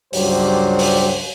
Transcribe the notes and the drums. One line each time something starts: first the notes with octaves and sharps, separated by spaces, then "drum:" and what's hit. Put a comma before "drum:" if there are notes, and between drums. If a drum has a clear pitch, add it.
C#2 G2 F#3 G4 C5, drum: open hi-hat
drum: open hi-hat